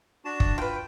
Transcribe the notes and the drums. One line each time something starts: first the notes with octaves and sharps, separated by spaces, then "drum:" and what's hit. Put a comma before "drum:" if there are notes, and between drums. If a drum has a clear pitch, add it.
D4 F#4 A5
drum: kick
F4 B4 G5